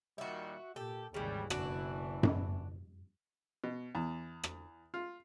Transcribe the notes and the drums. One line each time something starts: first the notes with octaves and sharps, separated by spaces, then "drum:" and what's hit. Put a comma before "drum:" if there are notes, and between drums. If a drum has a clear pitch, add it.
A#2 D#3 G3 F#4 E5
A#2 G4 A4
G#1 D#2 C#3 E3 G3
F#1 B2 E3 D4 F#4, drum: rim click
drum: tom F#2
B2
E2
drum: rim click
F4